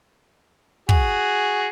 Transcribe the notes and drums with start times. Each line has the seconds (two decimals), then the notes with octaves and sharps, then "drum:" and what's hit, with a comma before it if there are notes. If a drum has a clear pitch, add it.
0.89 F#4 G#4, drum: kick